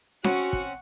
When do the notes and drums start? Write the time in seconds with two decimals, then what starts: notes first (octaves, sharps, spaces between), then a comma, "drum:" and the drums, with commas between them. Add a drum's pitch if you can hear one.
0.24 C4 C#4 F#4 F#5 C#6, drum: snare C#4
0.53 drum: kick